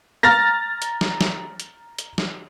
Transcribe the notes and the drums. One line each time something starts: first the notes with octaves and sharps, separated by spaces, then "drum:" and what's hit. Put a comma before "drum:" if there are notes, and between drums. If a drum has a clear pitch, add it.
A#5 F6 A6 A#6
drum: hi-hat
drum: snare
drum: snare
drum: hi-hat
drum: hi-hat
drum: snare